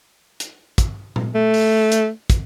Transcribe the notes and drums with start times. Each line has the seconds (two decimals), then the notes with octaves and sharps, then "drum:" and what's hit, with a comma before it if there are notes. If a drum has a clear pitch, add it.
0.40 drum: hi-hat
0.78 drum: kick, hi-hat
1.16 drum: tom A#2
1.35 A3
1.54 drum: open hi-hat
1.92 drum: hi-hat
2.30 drum: kick, hi-hat